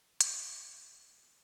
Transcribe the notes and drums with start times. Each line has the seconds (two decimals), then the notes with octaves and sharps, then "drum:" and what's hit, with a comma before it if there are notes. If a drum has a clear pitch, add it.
0.21 B2, drum: hi-hat
0.53 C#5 D5
0.66 A#2
0.86 E2